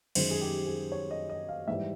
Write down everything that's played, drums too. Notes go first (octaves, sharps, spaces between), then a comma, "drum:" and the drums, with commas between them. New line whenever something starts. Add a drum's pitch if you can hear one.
F#2 D#3 G#3 C5, drum: cymbal
G#4
G4
G#4
C#5
D#5
D#5
F5
G#2 E3 G3 E5